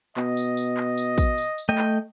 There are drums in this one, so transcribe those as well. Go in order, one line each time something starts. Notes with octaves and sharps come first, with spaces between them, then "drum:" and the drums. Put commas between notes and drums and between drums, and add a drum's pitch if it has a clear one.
B2 D#5, drum: clap
drum: tambourine
drum: tambourine
drum: clap
drum: tambourine
drum: kick, tambourine
drum: tambourine
drum: tambourine
A3 D#5 G5
drum: clap